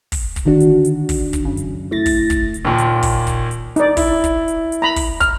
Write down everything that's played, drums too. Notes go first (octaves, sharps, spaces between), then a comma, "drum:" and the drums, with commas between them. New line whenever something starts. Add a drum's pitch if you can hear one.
drum: kick, open hi-hat
drum: kick, hi-hat
D3 D#3 D4 F#4
drum: hi-hat
drum: hi-hat
drum: kick, open hi-hat
drum: kick, hi-hat
F#2 C#3
drum: hi-hat
A3 E4 A6 A#6
drum: kick, open hi-hat
drum: kick, hi-hat
drum: hi-hat
D#2 A#2
drum: hi-hat
drum: kick, open hi-hat
drum: kick, hi-hat
drum: hi-hat
D#4 D5, drum: hi-hat
E4, drum: kick, open hi-hat
drum: kick, hi-hat
drum: hi-hat
drum: hi-hat
A#5 B5
drum: kick, open hi-hat
F6, drum: kick, hi-hat